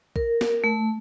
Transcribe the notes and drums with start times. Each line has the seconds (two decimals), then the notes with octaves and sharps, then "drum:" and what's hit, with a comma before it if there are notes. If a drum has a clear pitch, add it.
0.16 A#4, drum: kick B1
0.41 drum: snare
0.64 A3